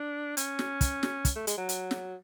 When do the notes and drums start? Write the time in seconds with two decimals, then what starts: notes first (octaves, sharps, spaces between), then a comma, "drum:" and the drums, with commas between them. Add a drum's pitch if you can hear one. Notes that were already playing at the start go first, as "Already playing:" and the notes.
Already playing: D4
0.37 C#4, drum: hi-hat
0.59 drum: snare
0.81 drum: kick, hi-hat
1.03 drum: snare
1.25 drum: kick, hi-hat
1.36 A3
1.47 G#3, drum: hi-hat
1.58 F#3
1.69 drum: hi-hat
1.91 drum: snare